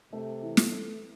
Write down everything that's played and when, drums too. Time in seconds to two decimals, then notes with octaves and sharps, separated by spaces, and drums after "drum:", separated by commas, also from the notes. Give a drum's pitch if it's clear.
0.12 C3 A3
0.42 E3
0.57 drum: snare
0.72 A3